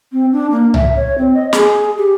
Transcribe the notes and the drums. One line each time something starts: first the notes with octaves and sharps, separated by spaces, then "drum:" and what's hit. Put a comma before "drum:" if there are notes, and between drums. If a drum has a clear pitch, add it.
C4
D4
A#3
E5, drum: tom C2
C#5
C4
D#5
G#4, drum: snare
G4